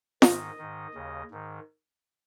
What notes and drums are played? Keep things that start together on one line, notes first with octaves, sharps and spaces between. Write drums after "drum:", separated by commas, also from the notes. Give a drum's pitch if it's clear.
G#2 D#3 D#5, drum: snare
G#2 D#3
D#2 C#3
G#2 D#3